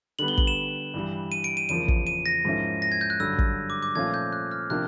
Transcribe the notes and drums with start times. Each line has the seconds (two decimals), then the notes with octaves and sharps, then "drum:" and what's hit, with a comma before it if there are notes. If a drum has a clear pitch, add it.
0.19 D3 G3 B3 F#7
0.28 G7
0.38 F#7, drum: kick
0.47 E7
0.94 G2 E3 G3
1.32 D#7
1.44 D7
1.57 D#7
1.69 E2 C#3 F3 A#3 D#7
1.88 drum: kick
2.07 D#7
2.26 A#6
2.45 G#2 F3 A#3 C#4 E4
2.82 A#6
2.92 G#6
3.01 G6
3.10 F#6
3.20 G2 D3 F#3 E6
3.39 drum: kick
3.70 D6
3.82 D6
3.95 A#2 F3 A3 C#4 F4 G#6
4.14 G6
4.33 F#6
4.51 F6
4.70 C3 F3 A#3 D4 F#6